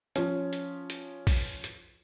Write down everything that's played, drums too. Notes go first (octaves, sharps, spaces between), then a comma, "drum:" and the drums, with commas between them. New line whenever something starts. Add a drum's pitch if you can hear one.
F3 C#4, drum: hi-hat
drum: hi-hat
drum: hi-hat
drum: kick, open hi-hat
drum: hi-hat